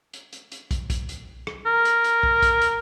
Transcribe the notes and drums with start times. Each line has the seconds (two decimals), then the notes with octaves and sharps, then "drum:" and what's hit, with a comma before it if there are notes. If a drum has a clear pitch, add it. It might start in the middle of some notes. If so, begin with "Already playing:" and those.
0.13 drum: hi-hat
0.33 drum: hi-hat
0.52 drum: hi-hat
0.71 drum: kick, hi-hat
0.90 drum: kick, hi-hat
1.09 drum: hi-hat
1.47 drum: rim click
1.66 A#4
1.85 drum: hi-hat
2.04 drum: hi-hat
2.23 drum: kick
2.42 drum: kick, hi-hat
2.62 drum: hi-hat